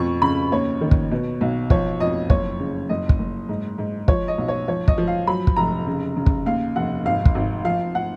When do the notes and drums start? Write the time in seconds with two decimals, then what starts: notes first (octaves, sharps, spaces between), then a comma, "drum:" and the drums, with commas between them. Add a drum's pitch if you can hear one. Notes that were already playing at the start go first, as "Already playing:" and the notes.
Already playing: F2 B2 C#6
0.22 C#3 B5
0.52 D#2 C#5
0.81 D#3
0.91 drum: kick
1.11 B2
1.41 B1
1.70 F3 C#5, drum: kick
2.00 F2 D#5
2.30 F#1 C#5, drum: kick
2.59 C#3
2.89 F#1 D#5
3.09 drum: kick
3.19 F#1
3.49 G#2
3.78 G#2
4.08 F3 C#5, drum: kick
4.28 D#5
4.38 B1
4.48 C#5
4.68 F3 C#5
4.88 D#5, drum: kick
4.98 F3
5.08 F5
5.27 F#3 B5
5.47 drum: kick
5.57 F1 A#5
5.87 C#3
6.17 C#3
6.26 drum: kick
6.46 D#2 F5
6.76 F1 F#5
7.06 G#1 F5
7.25 drum: kick
7.35 G#1
7.64 F3 F5
7.95 F#5